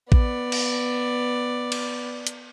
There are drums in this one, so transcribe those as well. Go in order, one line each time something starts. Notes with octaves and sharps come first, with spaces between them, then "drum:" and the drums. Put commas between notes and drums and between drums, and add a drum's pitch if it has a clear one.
B3 D5, drum: kick A1
drum: cymbal
drum: cymbal
drum: hi-hat